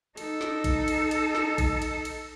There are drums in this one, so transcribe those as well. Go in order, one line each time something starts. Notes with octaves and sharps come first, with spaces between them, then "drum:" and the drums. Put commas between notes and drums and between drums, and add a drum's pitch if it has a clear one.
D#4 A4, drum: cymbal
drum: snare
drum: kick A#1, cymbal
drum: cymbal
drum: cymbal
drum: snare
drum: kick A#1, cymbal
drum: cymbal
drum: cymbal